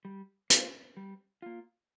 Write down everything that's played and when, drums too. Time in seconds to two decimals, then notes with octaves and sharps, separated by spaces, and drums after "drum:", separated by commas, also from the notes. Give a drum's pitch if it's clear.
0.05 G3
0.50 A#3 F4, drum: hi-hat
0.97 G3
1.42 A#3 F4